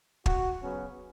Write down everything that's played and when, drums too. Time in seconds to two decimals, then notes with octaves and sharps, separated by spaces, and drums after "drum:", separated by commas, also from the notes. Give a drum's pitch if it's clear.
0.26 F#4, drum: kick
0.62 C#3 F#3 B3 C#4